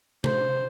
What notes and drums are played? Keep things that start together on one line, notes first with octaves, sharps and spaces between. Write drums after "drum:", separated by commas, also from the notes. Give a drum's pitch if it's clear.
C5, drum: tom C3